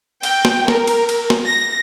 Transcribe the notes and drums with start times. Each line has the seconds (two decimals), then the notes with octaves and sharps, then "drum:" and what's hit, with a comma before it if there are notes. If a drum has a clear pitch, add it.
0.23 G5, drum: cymbal
0.45 drum: snare
0.68 A#4, drum: snare
0.87 drum: cymbal
1.09 drum: cymbal
1.30 drum: snare
1.45 A#6